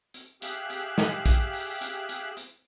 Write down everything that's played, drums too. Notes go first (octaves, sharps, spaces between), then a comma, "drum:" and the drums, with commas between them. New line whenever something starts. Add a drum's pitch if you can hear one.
drum: hi-hat
G4 G#4 E5 F5 F#6, drum: hi-hat
drum: hi-hat
drum: snare
drum: kick, hi-hat
drum: open hi-hat
drum: hi-hat
drum: hi-hat
drum: hi-hat